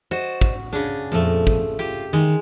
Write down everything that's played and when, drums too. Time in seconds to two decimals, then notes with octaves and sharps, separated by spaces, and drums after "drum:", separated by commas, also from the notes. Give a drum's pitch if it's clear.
0.11 F#4 C5 D5 D#5
0.41 drum: kick, tambourine
0.73 C#3 D4 G#4
1.12 F2 A#2 F3 A3, drum: tambourine
1.47 drum: kick, tambourine
1.79 F4 G4, drum: tambourine
2.13 D#3 G#3